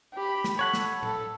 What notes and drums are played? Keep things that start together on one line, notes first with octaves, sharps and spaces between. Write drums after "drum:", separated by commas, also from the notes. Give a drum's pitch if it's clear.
G4 B5
drum: snare
A4 C#5 F#5 B5
drum: snare
A4, drum: tom A2